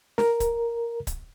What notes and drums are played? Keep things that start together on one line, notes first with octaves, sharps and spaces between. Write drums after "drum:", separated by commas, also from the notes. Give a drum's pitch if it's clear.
A#4, drum: snare
drum: kick C#1, hi-hat
drum: kick C#1, hi-hat